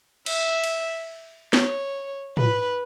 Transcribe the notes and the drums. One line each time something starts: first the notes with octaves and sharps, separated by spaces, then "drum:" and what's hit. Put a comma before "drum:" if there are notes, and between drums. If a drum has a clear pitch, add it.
E5, drum: cymbal
drum: cymbal
C#5, drum: snare
B4, drum: tom